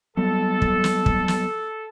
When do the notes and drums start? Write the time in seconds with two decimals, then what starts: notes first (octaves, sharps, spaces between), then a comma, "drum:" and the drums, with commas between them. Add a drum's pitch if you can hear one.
0.17 F#3 G3 B3 A4
0.62 drum: kick
0.84 drum: snare
1.06 drum: kick
1.28 drum: snare